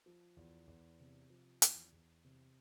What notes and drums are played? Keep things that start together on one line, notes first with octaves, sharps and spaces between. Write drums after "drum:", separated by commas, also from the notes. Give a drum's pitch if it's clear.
F3
E2
E2
C3
F3
E2, drum: hi-hat
E2
C3